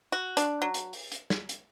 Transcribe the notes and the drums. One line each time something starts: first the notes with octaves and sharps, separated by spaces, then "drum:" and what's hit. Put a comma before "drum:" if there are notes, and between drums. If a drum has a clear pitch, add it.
F#4
D4, drum: hi-hat
F#3
drum: hi-hat
drum: open hi-hat
drum: hi-hat
drum: snare
drum: hi-hat